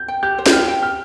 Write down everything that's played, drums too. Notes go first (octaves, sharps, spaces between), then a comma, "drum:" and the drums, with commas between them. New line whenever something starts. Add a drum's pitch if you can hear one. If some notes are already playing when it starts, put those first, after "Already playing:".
Already playing: G6
G5
G4 G6
C5
G6, drum: snare
G4 F6
G5
G4 F6